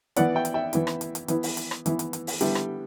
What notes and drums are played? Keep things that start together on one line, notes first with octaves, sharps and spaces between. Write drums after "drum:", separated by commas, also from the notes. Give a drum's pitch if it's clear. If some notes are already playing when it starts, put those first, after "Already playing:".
E3 B3 E4 D5 F#5, drum: hi-hat
E5 G5
drum: hi-hat
E5 G5
E3 B3 E4, drum: hi-hat
drum: rim click
drum: hi-hat
drum: hi-hat
E3 B3 E4, drum: hi-hat
drum: open hi-hat
drum: hi-hat
drum: rim click
E3 B3 E4, drum: hi-hat
drum: hi-hat
drum: hi-hat
drum: open hi-hat
D3 G3 B3 E4 E5 G5, drum: hi-hat
drum: rim click